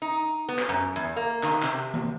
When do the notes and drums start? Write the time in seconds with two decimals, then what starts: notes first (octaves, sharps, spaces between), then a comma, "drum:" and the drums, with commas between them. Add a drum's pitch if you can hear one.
0.02 D#4
0.49 B3
0.59 drum: clap
0.69 F#2
0.96 E2
1.16 A#3
1.43 D#3, drum: clap
1.62 C3, drum: clap
1.94 drum: tom D#3